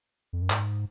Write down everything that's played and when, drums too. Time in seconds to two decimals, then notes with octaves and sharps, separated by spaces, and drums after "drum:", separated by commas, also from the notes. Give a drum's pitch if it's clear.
0.33 F2
0.42 F#2
0.50 G#2, drum: clap